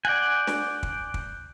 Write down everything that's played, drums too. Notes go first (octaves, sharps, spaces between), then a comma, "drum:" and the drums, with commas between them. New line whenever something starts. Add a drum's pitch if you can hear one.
D5 F#5 G#5 F#6 G6
drum: snare
drum: kick
drum: kick